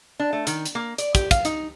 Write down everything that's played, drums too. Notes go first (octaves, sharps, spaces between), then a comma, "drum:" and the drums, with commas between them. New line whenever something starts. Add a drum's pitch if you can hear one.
D4
A3
D#3, drum: hi-hat
drum: hi-hat
A#3
D5, drum: hi-hat
G4, drum: kick, hi-hat
F5, drum: kick, hi-hat
D#4, drum: hi-hat